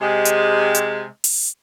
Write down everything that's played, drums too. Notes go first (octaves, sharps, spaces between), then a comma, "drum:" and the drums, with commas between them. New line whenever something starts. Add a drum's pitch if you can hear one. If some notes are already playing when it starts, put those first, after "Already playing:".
C3 G#3
drum: hi-hat
drum: hi-hat
drum: open hi-hat